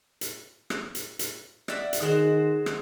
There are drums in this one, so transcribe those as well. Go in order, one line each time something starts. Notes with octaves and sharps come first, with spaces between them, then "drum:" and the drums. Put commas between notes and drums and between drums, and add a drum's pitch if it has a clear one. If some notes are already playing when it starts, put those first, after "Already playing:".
drum: hi-hat
drum: rim click
drum: hi-hat
drum: hi-hat
D5 E5 F#5, drum: rim click
drum: hi-hat
D#3 G#3 F#4 C5
drum: rim click